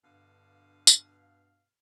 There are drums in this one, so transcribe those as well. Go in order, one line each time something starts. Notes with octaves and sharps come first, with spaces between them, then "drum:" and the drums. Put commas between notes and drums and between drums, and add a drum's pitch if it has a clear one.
G2 B2 D3 F5
drum: tambourine